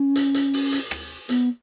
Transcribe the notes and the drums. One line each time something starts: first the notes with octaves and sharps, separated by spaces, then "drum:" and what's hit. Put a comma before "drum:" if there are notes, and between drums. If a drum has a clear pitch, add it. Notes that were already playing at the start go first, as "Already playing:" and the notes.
Already playing: C#4
drum: hi-hat
drum: hi-hat
drum: open hi-hat
drum: hi-hat
drum: rim click
B3, drum: hi-hat